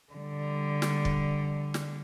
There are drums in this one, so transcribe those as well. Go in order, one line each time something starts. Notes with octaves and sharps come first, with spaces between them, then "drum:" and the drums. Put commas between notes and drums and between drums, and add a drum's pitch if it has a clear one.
D3 G3
drum: snare
drum: kick
drum: snare